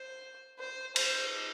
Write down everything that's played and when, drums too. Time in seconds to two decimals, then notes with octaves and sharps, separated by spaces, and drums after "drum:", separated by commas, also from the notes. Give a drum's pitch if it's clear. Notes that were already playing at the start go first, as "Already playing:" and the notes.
Already playing: C5
0.59 C5
0.96 C5, drum: cymbal